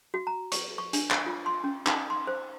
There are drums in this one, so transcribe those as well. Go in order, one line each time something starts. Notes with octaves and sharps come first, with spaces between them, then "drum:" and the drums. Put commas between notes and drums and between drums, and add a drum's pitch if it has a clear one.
F#4
A#5
C#6, drum: hi-hat
C#6
D4, drum: hi-hat
C#5, drum: clap
F4
C6
C#4
D#4, drum: clap
C6
C5